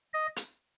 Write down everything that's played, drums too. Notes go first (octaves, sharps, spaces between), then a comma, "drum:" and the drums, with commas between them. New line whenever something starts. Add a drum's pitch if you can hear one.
D#5
drum: hi-hat